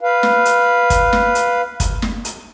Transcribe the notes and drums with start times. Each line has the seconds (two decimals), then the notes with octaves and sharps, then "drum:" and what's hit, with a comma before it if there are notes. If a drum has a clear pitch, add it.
0.01 B4 F5
0.23 drum: snare
0.45 drum: hi-hat
0.90 drum: kick, hi-hat
1.13 drum: snare
1.35 drum: hi-hat
1.80 drum: kick, hi-hat
2.02 drum: snare
2.25 drum: hi-hat